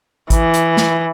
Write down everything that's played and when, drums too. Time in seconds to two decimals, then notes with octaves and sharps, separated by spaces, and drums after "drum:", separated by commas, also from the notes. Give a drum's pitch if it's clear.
0.30 E3, drum: kick G#1, hi-hat
0.54 drum: hi-hat
0.77 drum: snare